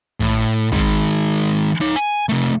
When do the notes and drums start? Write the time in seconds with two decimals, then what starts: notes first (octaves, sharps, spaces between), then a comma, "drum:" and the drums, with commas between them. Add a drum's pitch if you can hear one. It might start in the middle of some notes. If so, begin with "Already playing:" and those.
0.20 A2, drum: tom
0.72 D#3 G#3, drum: kick
1.81 D#4 C#5
1.96 G#5
2.29 C3 A3